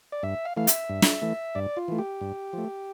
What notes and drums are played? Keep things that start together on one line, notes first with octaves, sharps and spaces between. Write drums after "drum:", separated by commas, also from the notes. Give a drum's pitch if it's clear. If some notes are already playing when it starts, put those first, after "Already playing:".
D5
G2 E5
F5
E3 A3 F5
E5, drum: hi-hat
G2
drum: snare
E3 A3
G2 D5
F4
E3 A3
G4
G2
F3 A3